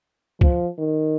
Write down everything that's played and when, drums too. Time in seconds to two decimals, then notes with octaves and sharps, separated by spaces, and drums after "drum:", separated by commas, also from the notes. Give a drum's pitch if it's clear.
0.41 F3, drum: kick
0.78 D#3